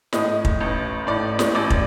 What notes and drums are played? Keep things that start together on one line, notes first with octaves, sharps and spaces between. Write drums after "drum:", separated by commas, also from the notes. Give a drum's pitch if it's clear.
A2 D#5, drum: snare
drum: kick
A1
A2 D5
drum: snare
A1 D5
drum: kick